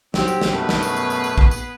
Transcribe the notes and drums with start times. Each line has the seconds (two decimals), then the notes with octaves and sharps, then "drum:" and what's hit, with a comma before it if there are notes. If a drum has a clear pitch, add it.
0.14 F#3 C4 G4, drum: snare
0.28 drum: tambourine
0.41 drum: snare
0.51 F#2 B2 A3 B3 G#4 B4
0.69 drum: snare
0.83 drum: tambourine
0.96 drum: tambourine
1.10 drum: tambourine
1.24 drum: tambourine
1.38 drum: kick
1.51 drum: tambourine